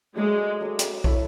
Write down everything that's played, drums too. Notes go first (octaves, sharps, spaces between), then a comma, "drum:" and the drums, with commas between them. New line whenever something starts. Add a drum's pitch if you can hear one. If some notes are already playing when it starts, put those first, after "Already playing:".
F#3 G#3 A3 D4 F#4
F#3 A3 D4 F#4
drum: hi-hat
E4 A4 C#5 E5, drum: kick